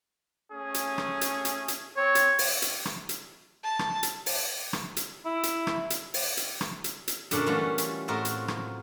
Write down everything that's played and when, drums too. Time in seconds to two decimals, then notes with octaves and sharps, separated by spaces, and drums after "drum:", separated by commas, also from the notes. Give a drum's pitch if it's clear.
0.51 A3 C#4 G#4
0.74 drum: hi-hat
0.98 drum: rim click
1.21 drum: hi-hat
1.45 drum: hi-hat
1.68 drum: hi-hat
1.97 C4 C#5
2.15 drum: hi-hat
2.39 drum: open hi-hat
2.62 drum: hi-hat
2.85 drum: rim click
3.09 drum: hi-hat
3.64 A5
3.79 drum: rim click
4.03 drum: hi-hat
4.26 drum: open hi-hat
4.73 drum: rim click
4.97 drum: hi-hat
5.25 E4
5.43 drum: hi-hat
5.67 drum: rim click
5.90 drum: hi-hat
6.14 drum: open hi-hat
6.37 drum: hi-hat
6.61 drum: rim click
6.84 drum: hi-hat
7.08 drum: hi-hat
7.31 F#2 A#2 D3 C#4 D4, drum: hi-hat
7.46 E3 G3 A3 C#4 F4 F#4
7.78 drum: hi-hat
8.08 A2 C4 F4 F#4 A#4
8.25 drum: hi-hat
8.48 drum: rim click